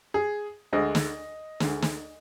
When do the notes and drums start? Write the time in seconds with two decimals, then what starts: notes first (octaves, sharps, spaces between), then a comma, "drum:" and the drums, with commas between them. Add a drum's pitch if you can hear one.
0.14 G#4
0.73 D2 D3 G#3 D#5
0.95 drum: snare
1.60 D2 D3 G#3, drum: snare
1.82 drum: snare